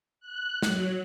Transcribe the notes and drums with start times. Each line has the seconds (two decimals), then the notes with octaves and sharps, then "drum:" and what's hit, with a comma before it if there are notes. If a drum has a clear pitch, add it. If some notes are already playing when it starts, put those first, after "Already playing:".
0.20 F#6
0.62 F#3, drum: snare